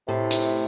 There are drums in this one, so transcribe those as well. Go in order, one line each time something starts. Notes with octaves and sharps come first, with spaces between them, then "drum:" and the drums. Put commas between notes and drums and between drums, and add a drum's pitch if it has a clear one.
A2 C3 A3
drum: hi-hat